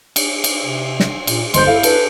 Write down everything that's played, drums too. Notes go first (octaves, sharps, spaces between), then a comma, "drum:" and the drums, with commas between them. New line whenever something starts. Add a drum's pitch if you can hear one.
drum: cymbal
drum: cymbal
C3
drum: snare
A#2, drum: cymbal
G1 G#3 C5 C6 G6, drum: cymbal
E4 A4 F5
A4 B4, drum: cymbal